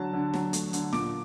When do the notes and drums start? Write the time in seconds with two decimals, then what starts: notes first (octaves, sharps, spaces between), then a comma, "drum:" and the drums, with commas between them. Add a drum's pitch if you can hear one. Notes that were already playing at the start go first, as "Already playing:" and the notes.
Already playing: D3 F#3 A5
0.13 D3
0.34 F#3, drum: snare
0.53 A3, drum: hi-hat
0.73 D3, drum: hi-hat
0.93 A#2 D6, drum: snare